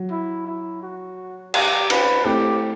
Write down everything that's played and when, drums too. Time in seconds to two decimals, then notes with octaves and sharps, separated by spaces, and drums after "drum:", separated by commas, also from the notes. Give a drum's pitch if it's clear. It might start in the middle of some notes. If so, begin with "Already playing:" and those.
Already playing: F#3
0.11 E4
0.47 E4
0.83 F#4
1.54 G4, drum: cymbal
1.90 B4, drum: cymbal
2.25 A3 C4 E4 G4